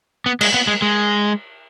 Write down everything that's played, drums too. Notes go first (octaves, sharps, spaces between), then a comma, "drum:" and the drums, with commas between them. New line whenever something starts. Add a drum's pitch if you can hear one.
B3
G#3, drum: cymbal
B3
G#3
G#3